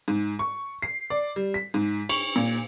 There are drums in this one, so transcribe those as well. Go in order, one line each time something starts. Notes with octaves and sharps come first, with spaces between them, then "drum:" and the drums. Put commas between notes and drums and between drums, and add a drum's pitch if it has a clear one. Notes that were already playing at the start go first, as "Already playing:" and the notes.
G#2
C#6
C7
D5
G3
B6
G#2
C#6, drum: cymbal
A#2